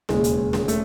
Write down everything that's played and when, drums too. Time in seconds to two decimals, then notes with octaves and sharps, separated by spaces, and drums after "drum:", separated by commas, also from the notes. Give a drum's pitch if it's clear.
0.09 E1 D#2 C#3 E3 G#3, drum: snare
0.24 drum: hi-hat
0.53 drum: snare
0.68 A3, drum: hi-hat